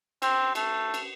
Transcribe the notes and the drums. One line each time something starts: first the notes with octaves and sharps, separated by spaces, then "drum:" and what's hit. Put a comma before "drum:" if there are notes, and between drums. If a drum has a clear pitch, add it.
C4, drum: cymbal
A3, drum: cymbal
drum: cymbal